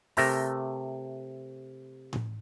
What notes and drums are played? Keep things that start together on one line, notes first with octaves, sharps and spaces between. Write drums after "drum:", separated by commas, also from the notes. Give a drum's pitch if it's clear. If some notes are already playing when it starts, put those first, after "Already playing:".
C3 A3 A#4 A5 A#5, drum: open hi-hat
drum: tom A2